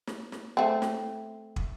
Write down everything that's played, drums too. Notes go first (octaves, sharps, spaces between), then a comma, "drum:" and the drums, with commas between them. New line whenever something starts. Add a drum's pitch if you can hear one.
drum: snare
drum: snare
A3 C4
drum: snare
drum: kick